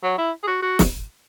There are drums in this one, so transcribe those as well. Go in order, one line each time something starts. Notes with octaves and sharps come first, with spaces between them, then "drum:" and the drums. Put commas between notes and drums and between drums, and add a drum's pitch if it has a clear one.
F#3
E4
G#4
F#4
F#4
drum: snare